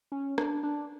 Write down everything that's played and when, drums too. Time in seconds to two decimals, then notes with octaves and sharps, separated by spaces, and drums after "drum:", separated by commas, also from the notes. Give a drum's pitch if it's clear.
0.12 C#4
0.38 D4, drum: rim click
0.63 D4